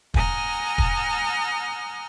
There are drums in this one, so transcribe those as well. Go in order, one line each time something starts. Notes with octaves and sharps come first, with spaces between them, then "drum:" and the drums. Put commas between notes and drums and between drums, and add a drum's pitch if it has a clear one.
F#5 G#5 A#5 D#6 F6 G6, drum: kick
drum: kick